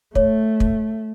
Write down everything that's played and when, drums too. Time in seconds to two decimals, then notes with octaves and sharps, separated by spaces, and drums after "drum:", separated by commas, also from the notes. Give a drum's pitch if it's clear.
0.15 A3 C#5, drum: kick
0.60 drum: kick